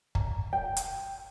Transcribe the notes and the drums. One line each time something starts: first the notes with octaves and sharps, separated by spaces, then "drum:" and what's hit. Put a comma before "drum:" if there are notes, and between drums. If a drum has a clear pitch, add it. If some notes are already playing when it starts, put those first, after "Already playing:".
A#5, drum: kick
G5
drum: hi-hat